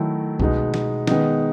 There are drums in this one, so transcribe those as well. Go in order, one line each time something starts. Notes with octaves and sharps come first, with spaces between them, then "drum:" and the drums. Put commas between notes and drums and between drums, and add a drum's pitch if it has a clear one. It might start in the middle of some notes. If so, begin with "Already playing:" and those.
Already playing: D#3 F#3 A3 E4
B2 G#3 B3 D#4, drum: kick C2
drum: snare
D#3 G#3 B3 D#4, drum: snare